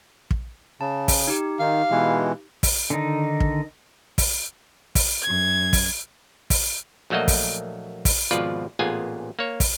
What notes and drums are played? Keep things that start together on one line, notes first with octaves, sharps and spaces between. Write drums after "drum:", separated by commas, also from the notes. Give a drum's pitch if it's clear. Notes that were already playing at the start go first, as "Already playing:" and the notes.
drum: kick
C#3 A5
drum: kick, open hi-hat
D#4 G4
D#3 F5
B2 E3 G#3
drum: kick, open hi-hat
D3 D#3 D#4
drum: kick
drum: kick, open hi-hat
drum: kick, open hi-hat
F#2 G#6
drum: kick, open hi-hat
drum: kick, open hi-hat
A#1 F#3 A3 A#3 F#4 D#5
drum: kick, open hi-hat
drum: kick, open hi-hat
G#1 B2 F3 F4 B4 D5
A1 A#2 B3 F4 G#4 G#5
A#3 C#5
drum: kick, open hi-hat